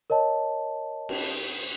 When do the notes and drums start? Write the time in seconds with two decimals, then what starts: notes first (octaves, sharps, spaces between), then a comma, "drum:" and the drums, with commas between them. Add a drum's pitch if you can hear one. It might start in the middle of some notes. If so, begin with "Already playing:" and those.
0.10 A#4 C#5 D#5 A5
1.09 drum: cymbal